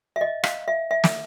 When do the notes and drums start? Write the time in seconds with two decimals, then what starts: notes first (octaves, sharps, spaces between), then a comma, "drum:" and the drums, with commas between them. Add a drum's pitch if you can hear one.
0.16 E5
0.21 D#5
0.44 F5, drum: rim click
0.68 E5
0.91 E5
1.04 drum: snare